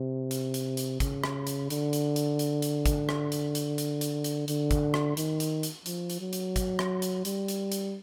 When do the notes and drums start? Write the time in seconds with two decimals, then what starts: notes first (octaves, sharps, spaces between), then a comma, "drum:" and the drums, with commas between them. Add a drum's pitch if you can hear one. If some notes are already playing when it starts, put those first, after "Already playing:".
Already playing: C3
0.31 drum: hi-hat
0.54 drum: hi-hat
0.77 drum: hi-hat
1.00 C#3, drum: kick, hi-hat
1.24 drum: rim click
1.47 drum: hi-hat
1.70 D3, drum: hi-hat
1.93 drum: hi-hat
2.16 drum: hi-hat
2.39 drum: hi-hat
2.62 drum: hi-hat
2.86 drum: kick, hi-hat
3.09 drum: rim click
3.32 drum: hi-hat
3.55 drum: hi-hat
3.78 drum: hi-hat
4.01 drum: hi-hat
4.24 drum: hi-hat
4.48 D3, drum: hi-hat
4.71 drum: kick, hi-hat
4.94 drum: rim click
5.17 D#3, drum: hi-hat
5.40 drum: hi-hat
5.63 drum: hi-hat
5.86 F3, drum: hi-hat
6.10 drum: hi-hat
6.21 F#3
6.33 drum: hi-hat
6.56 drum: kick, hi-hat
6.79 drum: rim click
7.02 drum: hi-hat
7.25 G3, drum: hi-hat
7.48 drum: hi-hat
7.72 drum: hi-hat